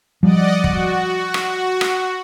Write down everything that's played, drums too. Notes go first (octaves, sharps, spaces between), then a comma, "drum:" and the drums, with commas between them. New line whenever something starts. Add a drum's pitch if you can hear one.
F3 G3 D5 D#5 F#5
F#4, drum: kick
drum: rim click
drum: rim click